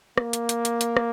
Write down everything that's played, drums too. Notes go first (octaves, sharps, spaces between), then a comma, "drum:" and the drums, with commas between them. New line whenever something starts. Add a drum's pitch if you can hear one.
A#3, drum: rim click
drum: hi-hat
drum: hi-hat
drum: hi-hat
drum: hi-hat
drum: rim click